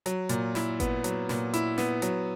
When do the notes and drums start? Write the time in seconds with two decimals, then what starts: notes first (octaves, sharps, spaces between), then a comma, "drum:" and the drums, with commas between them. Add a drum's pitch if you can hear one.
0.06 F#3, drum: hi-hat
0.29 A#2, drum: hi-hat
0.55 E4, drum: snare
0.80 B3, drum: kick G#1, hi-hat
1.04 F#3, drum: hi-hat
1.29 A#2, drum: snare
1.54 E4, drum: hi-hat
1.78 B3, drum: snare
2.02 F#3, drum: hi-hat